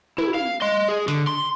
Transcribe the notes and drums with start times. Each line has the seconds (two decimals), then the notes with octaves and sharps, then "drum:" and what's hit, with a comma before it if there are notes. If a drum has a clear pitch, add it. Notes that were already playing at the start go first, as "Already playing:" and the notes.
0.18 E4, drum: tom
0.34 F5
0.62 D#5 C6
0.88 G#4
1.08 D3, drum: snare
1.27 C6